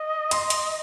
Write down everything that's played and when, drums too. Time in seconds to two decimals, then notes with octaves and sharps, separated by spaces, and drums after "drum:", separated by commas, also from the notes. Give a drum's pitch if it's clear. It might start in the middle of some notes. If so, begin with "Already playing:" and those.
Already playing: D#5
0.31 C6, drum: hi-hat
0.50 drum: hi-hat